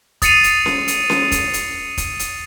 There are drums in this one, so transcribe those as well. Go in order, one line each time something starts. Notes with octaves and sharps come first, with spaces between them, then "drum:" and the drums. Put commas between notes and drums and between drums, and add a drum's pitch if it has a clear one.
D#6 A6 C7 C#7 D#7 F7, drum: kick, hi-hat
drum: hi-hat
drum: snare C#4
drum: hi-hat
drum: snare C#4
drum: kick, hi-hat
drum: hi-hat
drum: kick, hi-hat
drum: hi-hat